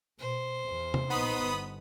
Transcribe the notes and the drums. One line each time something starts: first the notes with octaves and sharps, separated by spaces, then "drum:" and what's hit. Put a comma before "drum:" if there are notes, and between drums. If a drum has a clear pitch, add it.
B2 C5
E2
drum: tom C3
A#1 B3 D#4 B5 D#6
G1